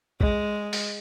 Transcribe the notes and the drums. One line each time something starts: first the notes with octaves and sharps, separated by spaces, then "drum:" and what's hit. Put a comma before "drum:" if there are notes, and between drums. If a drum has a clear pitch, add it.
G#3, drum: kick B1
drum: open hi-hat